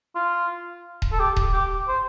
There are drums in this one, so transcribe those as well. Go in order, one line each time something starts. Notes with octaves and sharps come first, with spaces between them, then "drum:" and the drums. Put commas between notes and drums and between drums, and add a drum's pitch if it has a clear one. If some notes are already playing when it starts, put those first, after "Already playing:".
F4
drum: kick D#1
A4
G4
drum: kick D#1
G4
C5